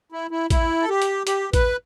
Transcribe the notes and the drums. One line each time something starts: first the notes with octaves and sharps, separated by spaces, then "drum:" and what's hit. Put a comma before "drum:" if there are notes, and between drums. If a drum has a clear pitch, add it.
E4
E4
E4, drum: kick A1, hi-hat
A4
G4
drum: hi-hat
G4, drum: hi-hat
B4, drum: kick A1, hi-hat